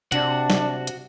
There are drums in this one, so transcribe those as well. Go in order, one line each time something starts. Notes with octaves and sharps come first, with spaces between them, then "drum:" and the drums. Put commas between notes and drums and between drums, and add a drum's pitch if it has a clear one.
C3 D4 F#4 F#5, drum: hi-hat
drum: snare
drum: hi-hat